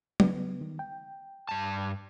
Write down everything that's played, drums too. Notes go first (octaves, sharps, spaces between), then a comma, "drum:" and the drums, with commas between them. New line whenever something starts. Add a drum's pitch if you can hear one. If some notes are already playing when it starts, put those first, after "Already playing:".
C#3 B3, drum: tom F#3
D#3
G5
G2 A5